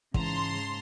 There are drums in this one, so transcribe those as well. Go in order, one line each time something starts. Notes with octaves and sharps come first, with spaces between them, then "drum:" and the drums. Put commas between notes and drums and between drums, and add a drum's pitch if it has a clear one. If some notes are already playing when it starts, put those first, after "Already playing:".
G#2 C#3 E3 A5 A#5 C6, drum: kick